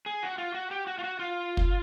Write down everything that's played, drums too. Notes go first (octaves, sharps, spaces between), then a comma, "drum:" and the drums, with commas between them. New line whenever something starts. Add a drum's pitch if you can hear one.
G#4
F#4
F4
F#4
G4
F#4
F4
F#4
F4
drum: kick